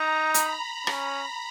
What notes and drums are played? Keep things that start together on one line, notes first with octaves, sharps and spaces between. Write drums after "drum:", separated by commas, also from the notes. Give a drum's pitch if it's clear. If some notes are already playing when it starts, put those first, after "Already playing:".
Already playing: D#4 A#5
B5, drum: hi-hat
C#4, drum: rim click